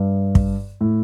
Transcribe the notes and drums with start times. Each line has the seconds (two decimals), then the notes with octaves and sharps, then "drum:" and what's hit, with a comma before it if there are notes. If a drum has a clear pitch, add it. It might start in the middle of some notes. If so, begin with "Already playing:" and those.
Already playing: G2
0.35 drum: kick
0.81 A2